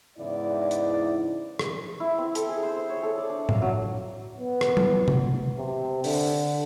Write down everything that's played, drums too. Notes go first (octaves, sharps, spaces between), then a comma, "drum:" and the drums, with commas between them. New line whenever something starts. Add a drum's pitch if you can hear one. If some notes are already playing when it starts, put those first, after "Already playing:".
E2 G#2 C#3 E4 D5
drum: hi-hat
drum: rim click
E4
C4
A4, drum: hi-hat
G#4
C5
C5
C#5
A4
D5
D4
F5, drum: tom A2
F#3
B3
drum: rim click
drum: tom
drum: tom
C3
D3, drum: open hi-hat